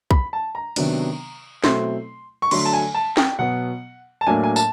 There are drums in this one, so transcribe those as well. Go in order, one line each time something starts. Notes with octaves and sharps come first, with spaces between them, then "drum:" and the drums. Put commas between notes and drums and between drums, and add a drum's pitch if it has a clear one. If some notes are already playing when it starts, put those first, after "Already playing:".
B5, drum: kick
A5
A#5
C3 D#3 F#3 B3 D4, drum: cymbal
B2 F#3 A3 C4 E4 C6, drum: snare
C#6
D3 F#3 A3 C6, drum: cymbal
A5
G#5
A5
G5, drum: snare
B2 F#3 B3 F#5
A5
A2 F#3 A#3 D4 G#5
G#5
A5, drum: tambourine